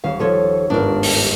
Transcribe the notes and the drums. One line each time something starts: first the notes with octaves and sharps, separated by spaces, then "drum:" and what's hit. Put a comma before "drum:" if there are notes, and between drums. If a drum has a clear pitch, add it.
D#1 C#4 F5 E7
F3 A4 C#5
G1 G#2 D4 A#4
drum: open hi-hat